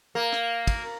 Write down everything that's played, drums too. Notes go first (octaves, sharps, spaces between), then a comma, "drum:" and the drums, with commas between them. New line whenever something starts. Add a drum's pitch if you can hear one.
A#3
drum: rim click
drum: kick, cymbal